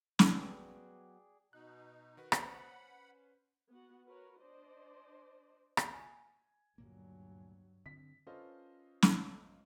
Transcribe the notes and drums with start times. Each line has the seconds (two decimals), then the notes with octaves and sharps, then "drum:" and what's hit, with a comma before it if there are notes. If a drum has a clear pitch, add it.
0.19 F#3 B3 G#4 D5 G5, drum: snare
1.53 B2 D#4 F#6
2.17 D#3 F#4 B4
2.32 C#4 B4 C5 F#5 B5, drum: rim click
3.69 B3 F#4 F#5
4.06 F#4 A#4 B4 C#5
4.41 D4 C5 D5 D#5
5.77 drum: rim click
5.94 G#5
6.78 D2 G2 A#2 F#3 A#3
7.86 D3 C4 B6
8.27 C#4 F4 A4 B4 C5 D#5
9.02 drum: snare